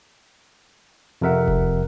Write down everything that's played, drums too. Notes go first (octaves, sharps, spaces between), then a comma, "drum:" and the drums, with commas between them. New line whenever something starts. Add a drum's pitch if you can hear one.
F2 C3 A#4 E5 F#5
drum: kick E1